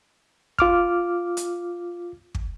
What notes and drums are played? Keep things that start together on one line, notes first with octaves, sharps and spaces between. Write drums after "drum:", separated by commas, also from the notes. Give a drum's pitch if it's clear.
F4 D6 F6, drum: kick
drum: hi-hat
drum: kick